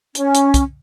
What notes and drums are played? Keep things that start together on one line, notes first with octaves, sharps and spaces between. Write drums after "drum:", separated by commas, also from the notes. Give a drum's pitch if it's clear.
C#4, drum: hi-hat
drum: hi-hat
drum: kick, hi-hat